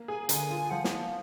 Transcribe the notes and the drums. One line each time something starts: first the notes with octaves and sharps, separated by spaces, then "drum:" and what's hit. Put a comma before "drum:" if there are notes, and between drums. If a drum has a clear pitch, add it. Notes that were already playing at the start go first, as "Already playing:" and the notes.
Already playing: A#3
G#4 G#5
D3 A#5, drum: hi-hat
G#5
F4
F3 F#5
drum: snare